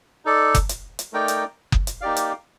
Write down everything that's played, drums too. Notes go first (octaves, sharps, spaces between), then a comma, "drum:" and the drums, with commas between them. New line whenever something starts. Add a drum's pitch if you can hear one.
D#4 A4 D5
drum: kick F#1, hi-hat
drum: hi-hat
drum: hi-hat
A3 D#4 A#4 D5 G5
drum: hi-hat
drum: kick F#1
drum: hi-hat
A#3 D#4 G4 D5 F5
drum: hi-hat